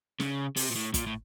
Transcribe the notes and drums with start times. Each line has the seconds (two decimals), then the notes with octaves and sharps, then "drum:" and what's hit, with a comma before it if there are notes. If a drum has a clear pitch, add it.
0.20 C#3, drum: snare
0.56 C3, drum: open hi-hat
0.71 A#2
0.76 A2
0.94 A#2, drum: kick, hi-hat
1.07 A2